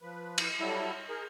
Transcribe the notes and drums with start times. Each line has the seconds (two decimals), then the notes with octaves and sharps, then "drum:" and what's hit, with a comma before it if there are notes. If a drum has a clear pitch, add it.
0.02 F3 B4
0.38 drum: cymbal
0.60 F#3 G3 E4 A4
1.09 G#4 A#4